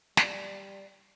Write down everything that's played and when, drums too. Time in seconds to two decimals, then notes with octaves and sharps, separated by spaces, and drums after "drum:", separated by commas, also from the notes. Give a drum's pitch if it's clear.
0.17 G3 D5, drum: snare